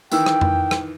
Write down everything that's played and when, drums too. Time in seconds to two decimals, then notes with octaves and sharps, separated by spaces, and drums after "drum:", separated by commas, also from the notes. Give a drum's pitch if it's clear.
0.11 D#3 E3 G5 E6, drum: tambourine
0.26 drum: rim click
0.41 drum: tom F2
0.71 drum: rim click